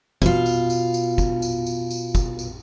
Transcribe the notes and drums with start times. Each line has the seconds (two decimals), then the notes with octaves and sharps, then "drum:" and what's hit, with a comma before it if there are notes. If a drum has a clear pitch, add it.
0.22 B2 F4, drum: kick, tambourine
0.46 drum: tambourine
0.70 drum: tambourine
0.94 drum: tambourine
1.18 drum: kick, tambourine
1.42 drum: tambourine
1.66 drum: tambourine
1.91 drum: tambourine
2.15 drum: kick, tambourine
2.39 drum: tambourine